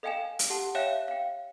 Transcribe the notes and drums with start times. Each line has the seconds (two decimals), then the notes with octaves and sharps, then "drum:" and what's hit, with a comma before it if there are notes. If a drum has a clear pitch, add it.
0.03 A4 D#5 F5 G5 G#5 E7
0.39 drum: hi-hat
0.50 G4 A4 F#5 A5
0.75 C#5 E5 F5 G5 F#6 E7
1.08 F5 G5